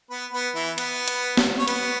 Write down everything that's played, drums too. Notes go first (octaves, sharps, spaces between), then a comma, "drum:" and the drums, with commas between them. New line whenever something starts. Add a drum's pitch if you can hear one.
B3 B4
B3 B4
E3 E4
B3 B4, drum: hi-hat
drum: hi-hat
drum: snare
C#5
B3 B4, drum: hi-hat